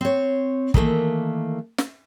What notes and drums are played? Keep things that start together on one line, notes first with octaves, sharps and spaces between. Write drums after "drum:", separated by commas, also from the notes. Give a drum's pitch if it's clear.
C4 C#5
D#3 E3 A3 A#3, drum: kick
drum: snare